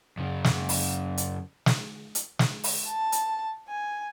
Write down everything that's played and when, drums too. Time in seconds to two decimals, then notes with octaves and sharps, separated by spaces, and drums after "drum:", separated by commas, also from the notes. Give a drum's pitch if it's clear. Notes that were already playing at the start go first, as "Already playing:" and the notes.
0.18 F#2 C#3
0.44 drum: snare
0.69 drum: open hi-hat
1.17 drum: hi-hat
1.66 drum: snare
2.15 drum: hi-hat
2.39 drum: snare
2.64 drum: open hi-hat
2.88 A5
3.12 drum: hi-hat
3.68 G#5